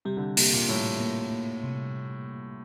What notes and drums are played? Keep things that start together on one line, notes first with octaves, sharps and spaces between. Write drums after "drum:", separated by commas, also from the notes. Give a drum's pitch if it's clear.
C3 G3
D3
C3
C3 A#3, drum: open hi-hat
A#2
A2 G3
A#3
A#3
C3